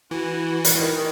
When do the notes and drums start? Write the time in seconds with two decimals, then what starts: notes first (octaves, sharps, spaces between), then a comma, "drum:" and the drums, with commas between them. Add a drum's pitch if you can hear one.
0.11 E3 F#4
0.65 drum: hi-hat
0.75 D#3